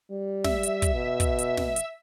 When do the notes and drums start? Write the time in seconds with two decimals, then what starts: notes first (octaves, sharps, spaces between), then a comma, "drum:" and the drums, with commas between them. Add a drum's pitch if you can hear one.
0.11 G3
0.44 E5, drum: snare
0.63 drum: hi-hat
0.82 drum: kick, hi-hat
0.94 B2
1.20 drum: kick, hi-hat
1.39 drum: hi-hat
1.57 drum: snare
1.76 drum: hi-hat